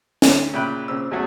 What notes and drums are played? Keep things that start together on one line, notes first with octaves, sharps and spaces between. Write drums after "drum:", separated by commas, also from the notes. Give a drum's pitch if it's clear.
D2, drum: snare
A#2 C#3 E5 G5 B5 F#6
A#2 C#3 C4 E6
A1 E2 F#3 A3 F#4 G#4